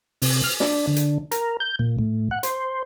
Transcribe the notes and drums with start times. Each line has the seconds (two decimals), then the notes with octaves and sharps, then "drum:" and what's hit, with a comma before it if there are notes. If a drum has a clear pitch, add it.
0.22 C3, drum: open hi-hat
0.44 F6
0.60 D4, drum: snare
0.87 D3
0.96 drum: hi-hat
1.31 A#4, drum: hi-hat
1.60 G6
1.79 A#2
1.99 A2
2.31 F#5
2.43 C5, drum: hi-hat